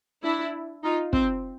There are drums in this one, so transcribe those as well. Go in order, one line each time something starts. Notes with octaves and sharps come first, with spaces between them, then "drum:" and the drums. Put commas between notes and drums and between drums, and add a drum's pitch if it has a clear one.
D4 E4
D#4 F4
C4, drum: kick